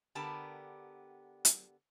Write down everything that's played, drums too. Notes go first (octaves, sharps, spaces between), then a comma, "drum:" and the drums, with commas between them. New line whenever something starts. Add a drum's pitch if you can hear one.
D3 B3 G4 A#4 A5
drum: hi-hat